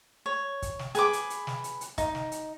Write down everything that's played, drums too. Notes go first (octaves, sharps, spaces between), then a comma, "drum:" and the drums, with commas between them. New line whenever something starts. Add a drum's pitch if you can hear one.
C#5
drum: kick, hi-hat
drum: snare
G#4 B4 D6, drum: hi-hat
drum: hi-hat
drum: hi-hat
drum: snare
drum: hi-hat
drum: hi-hat
D#4, drum: kick, hi-hat
drum: snare
drum: hi-hat